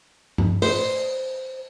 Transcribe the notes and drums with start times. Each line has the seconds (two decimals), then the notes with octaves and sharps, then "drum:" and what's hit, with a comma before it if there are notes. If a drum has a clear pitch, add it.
0.38 drum: tom G2
0.62 C5, drum: open hi-hat